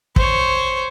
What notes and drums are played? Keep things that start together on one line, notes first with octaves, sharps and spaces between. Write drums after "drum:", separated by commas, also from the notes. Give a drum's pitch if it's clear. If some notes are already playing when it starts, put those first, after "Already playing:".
C5 C#5, drum: kick